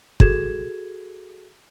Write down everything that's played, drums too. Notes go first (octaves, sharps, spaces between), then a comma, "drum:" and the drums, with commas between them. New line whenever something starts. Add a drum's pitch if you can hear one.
F#4 G#4 A4 G#6 E7, drum: kick